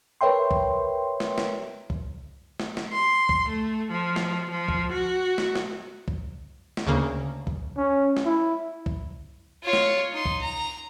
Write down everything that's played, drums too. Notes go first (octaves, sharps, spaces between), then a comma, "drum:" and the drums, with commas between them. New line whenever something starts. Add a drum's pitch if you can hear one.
A#4 B4 C#5 E5 G5 C6
drum: kick
drum: snare
drum: snare
drum: kick
drum: snare
drum: snare
C6
drum: kick
A3
F3
drum: snare
F3
drum: kick
F#4
drum: snare
drum: snare
drum: kick
drum: snare
D2 C#3 A#3
drum: kick
C#4
drum: snare
E4
drum: kick
F4 C#5
drum: snare
D#4 C6
drum: kick
A#5